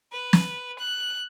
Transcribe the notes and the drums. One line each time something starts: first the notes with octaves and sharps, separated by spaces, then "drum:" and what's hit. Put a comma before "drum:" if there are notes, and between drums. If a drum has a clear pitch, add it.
B4
drum: snare
F#6